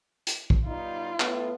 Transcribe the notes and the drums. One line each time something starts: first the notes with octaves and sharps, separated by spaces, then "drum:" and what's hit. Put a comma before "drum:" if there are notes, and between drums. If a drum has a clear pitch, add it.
drum: hi-hat
drum: kick
G3 B3 D#4 F4
A2 B3, drum: clap